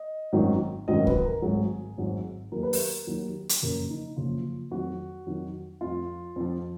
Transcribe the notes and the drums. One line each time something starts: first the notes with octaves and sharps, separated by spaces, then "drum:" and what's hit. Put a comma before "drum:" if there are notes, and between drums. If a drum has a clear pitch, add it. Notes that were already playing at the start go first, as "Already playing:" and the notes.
Already playing: D#5
G#1 F#2 D#3 F#3
G#1 F#2 D#3 F#3 D#5
B4, drum: kick C#2
A#4
G#1 G#2 F#3 G#4
G#1 G#2 F#3
D#2 D#3 F#3 A#4
B4
A#4, drum: open hi-hat
D#2 D#3 F#3
drum: hi-hat
F#1 F#2 C#3 F3 A#4
D#4
F#1 F#2 C#3 F3 F4
F2 D#3 F#3 F#4
F2 D#3 F#3
F2 F3 F4
F2 F3